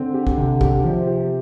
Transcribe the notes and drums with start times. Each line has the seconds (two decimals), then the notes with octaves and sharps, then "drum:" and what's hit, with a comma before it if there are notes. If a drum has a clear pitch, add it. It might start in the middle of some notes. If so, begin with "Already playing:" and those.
Already playing: D3 C4
0.14 G4
0.27 drum: kick
0.38 C3
0.61 G4, drum: kick
0.84 C3 F3
1.07 G4